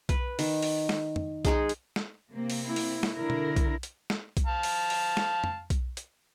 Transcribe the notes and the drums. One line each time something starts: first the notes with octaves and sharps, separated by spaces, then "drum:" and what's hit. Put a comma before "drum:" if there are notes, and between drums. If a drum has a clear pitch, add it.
B4, drum: kick B1, hi-hat
D#3, drum: open hi-hat
drum: open hi-hat
drum: snare
drum: tom
G#3 D#4 G#4, drum: kick B1, hi-hat
drum: hi-hat
drum: snare
C3 A#3 C4
drum: open hi-hat
E4
drum: open hi-hat
drum: snare
D3 E4 A#4
drum: tom B2
drum: kick B1, hi-hat
drum: hi-hat
drum: snare
drum: kick B1, hi-hat
F5 A5
drum: open hi-hat
drum: open hi-hat
drum: snare
drum: tom
drum: kick B1, hi-hat
drum: hi-hat